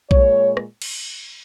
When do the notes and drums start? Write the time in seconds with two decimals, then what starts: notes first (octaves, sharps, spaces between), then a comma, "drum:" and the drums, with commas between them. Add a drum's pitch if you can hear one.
0.11 A#2 G#3 C#5, drum: kick B1
0.57 drum: rim click
0.82 drum: cymbal